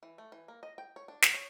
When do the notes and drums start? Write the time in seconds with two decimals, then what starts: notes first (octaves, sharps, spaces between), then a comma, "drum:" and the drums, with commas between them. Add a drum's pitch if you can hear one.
0.03 E3
0.18 A3
0.32 E3
0.48 A#3
0.63 D#5
0.78 G5
0.96 C#5
1.08 D4
1.22 F4, drum: snare
1.34 C#5